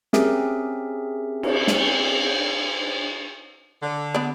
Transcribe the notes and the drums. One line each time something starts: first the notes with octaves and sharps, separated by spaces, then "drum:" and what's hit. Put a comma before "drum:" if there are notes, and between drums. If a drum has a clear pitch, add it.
C4 C#4 G4 G#4 A#4 E5, drum: snare
drum: cymbal
drum: snare
D3
B3 D5